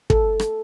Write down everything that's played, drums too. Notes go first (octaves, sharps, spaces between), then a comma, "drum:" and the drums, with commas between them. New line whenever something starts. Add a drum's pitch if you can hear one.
A4, drum: kick
drum: rim click